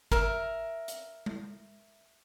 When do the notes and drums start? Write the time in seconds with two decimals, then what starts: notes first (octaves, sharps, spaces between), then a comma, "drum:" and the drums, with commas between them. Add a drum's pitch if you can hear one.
0.12 A#4 E5, drum: kick
0.88 drum: hi-hat
1.26 drum: tom G#3